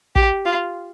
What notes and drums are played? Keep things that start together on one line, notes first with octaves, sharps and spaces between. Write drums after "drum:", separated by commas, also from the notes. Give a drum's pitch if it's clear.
G4, drum: kick
F4